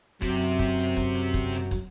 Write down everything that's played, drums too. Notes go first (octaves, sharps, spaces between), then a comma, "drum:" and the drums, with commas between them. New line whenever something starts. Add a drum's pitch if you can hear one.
F#2 C3 F#3, drum: kick, hi-hat
drum: hi-hat
drum: kick, hi-hat
drum: hi-hat
drum: kick, hi-hat
drum: hi-hat
drum: kick
drum: hi-hat
drum: kick, hi-hat